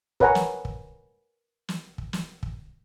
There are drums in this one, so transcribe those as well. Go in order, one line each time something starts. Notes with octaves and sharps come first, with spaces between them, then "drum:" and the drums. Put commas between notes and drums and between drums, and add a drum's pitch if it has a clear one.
A#4 B4 C#5 F#5 G#5 A#5, drum: kick
drum: snare
drum: kick
drum: snare
drum: kick
drum: snare
drum: kick